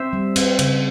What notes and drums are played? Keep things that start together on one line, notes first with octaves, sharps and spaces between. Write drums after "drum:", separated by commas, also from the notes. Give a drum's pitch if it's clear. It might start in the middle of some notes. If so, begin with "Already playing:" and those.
Already playing: C4 C5 E5
G3
C4, drum: cymbal
C#3, drum: cymbal